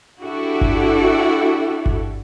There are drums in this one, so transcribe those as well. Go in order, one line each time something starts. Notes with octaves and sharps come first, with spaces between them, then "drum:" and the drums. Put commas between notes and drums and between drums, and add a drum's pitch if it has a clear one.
D4 E4 F#4 G4 A4
drum: kick G1
drum: kick G1